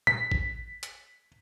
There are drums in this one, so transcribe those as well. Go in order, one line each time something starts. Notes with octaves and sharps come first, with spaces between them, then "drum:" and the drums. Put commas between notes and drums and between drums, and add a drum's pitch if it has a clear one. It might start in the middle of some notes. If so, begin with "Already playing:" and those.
B6, drum: tom A#2
drum: kick A1
drum: hi-hat